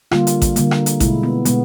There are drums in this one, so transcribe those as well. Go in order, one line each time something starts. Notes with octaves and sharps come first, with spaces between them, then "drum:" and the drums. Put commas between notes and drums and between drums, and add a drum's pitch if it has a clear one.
D3 G3 A#3 F4, drum: rim click
drum: hi-hat
drum: kick A1, hi-hat
D3 G3 A#3, drum: hi-hat
drum: rim click
drum: hi-hat
B2 G#3 E4, drum: kick A1, hi-hat
B3
B2 G#3 B3, drum: hi-hat